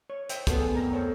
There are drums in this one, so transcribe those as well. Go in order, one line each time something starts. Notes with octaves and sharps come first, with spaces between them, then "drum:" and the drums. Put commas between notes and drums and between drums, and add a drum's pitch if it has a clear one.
C#5
C5 E5 G5, drum: hi-hat
D2 B3 A4, drum: kick, hi-hat
G#4
F2 A#4 A#5
A4 C5 C#5